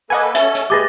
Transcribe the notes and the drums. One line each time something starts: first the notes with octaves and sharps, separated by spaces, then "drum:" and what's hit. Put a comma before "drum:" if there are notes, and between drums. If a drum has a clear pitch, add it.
A#3 A4 B4 D#5 F#5 G#5
C#4 A4 E5, drum: hi-hat
drum: hi-hat
G#3 G4 G#4 B4 D6 A6 A#6